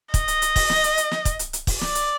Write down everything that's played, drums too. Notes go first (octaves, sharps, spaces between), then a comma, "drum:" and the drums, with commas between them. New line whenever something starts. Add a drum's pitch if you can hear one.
D#5, drum: kick, hi-hat
drum: hi-hat
drum: hi-hat
drum: kick, open hi-hat
drum: snare
drum: hi-hat
drum: hi-hat
drum: snare
drum: kick, hi-hat
drum: hi-hat
drum: hi-hat
drum: kick, open hi-hat
D5, drum: snare
drum: hi-hat